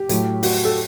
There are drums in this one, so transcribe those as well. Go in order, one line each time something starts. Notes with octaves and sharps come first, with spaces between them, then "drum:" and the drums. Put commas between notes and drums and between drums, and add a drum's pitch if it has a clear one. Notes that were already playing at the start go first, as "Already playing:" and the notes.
Already playing: G4
A2 F#3, drum: hi-hat
F#4, drum: open hi-hat
A4